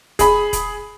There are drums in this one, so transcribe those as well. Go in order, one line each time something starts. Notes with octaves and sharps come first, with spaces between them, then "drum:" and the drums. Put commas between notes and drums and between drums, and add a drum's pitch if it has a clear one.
G#4 B5, drum: kick E1, hi-hat
drum: kick E1, hi-hat